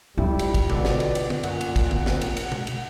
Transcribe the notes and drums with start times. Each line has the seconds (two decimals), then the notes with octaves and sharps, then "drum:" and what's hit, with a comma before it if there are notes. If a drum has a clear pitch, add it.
0.18 F2 G3 E4 F4
0.39 drum: cymbal
0.54 drum: kick, cymbal
0.70 B2 D3 D5, drum: tom B2
0.85 drum: snare
1.00 drum: cymbal
1.15 drum: cymbal
1.30 drum: tom
1.43 F#2 A#2 F#5, drum: cymbal
1.61 drum: cymbal
1.76 drum: kick, cymbal
1.91 drum: tom
2.06 drum: snare
2.21 drum: cymbal
2.37 drum: cymbal
2.52 drum: tom B2
2.67 drum: cymbal